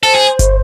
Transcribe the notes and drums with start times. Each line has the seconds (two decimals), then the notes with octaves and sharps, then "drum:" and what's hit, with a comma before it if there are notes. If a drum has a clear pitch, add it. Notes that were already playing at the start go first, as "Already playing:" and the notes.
0.03 A4 C5, drum: open hi-hat
0.15 G#4
0.39 drum: kick G1, hi-hat